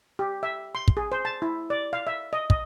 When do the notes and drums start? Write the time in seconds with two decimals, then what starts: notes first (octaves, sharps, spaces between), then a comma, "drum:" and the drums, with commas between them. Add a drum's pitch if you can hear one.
0.19 G4
0.43 E5
0.75 C6
0.88 drum: kick
0.97 G#4
1.12 C5
1.25 A5
1.42 E4
1.70 D5
1.93 F5
2.07 E5
2.33 D#5
2.50 D#5, drum: kick